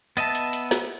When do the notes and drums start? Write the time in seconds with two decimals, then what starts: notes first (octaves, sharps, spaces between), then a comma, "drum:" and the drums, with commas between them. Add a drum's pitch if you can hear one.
0.17 B3 D#5 E5 A5, drum: hi-hat
0.35 drum: hi-hat
0.53 drum: hi-hat
0.71 drum: snare